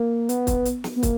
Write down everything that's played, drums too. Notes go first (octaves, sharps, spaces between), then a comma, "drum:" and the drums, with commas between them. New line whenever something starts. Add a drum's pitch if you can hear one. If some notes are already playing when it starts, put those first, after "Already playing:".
Already playing: A#3
B3, drum: hi-hat
drum: kick, hi-hat
drum: hi-hat
drum: snare
B3
A#3, drum: kick, hi-hat